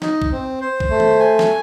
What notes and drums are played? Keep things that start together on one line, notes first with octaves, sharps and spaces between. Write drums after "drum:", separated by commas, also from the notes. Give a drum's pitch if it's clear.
D#4, drum: snare
drum: kick
C4
C5
drum: kick
A3
drum: tom D#3
G#5
drum: snare